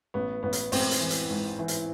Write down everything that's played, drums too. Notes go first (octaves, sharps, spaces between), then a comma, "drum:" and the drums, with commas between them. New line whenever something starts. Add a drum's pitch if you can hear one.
A1 B3
A1 B3
drum: hi-hat
A1 C4, drum: open hi-hat
drum: hi-hat
E3
drum: hi-hat
G#2
E3
drum: hi-hat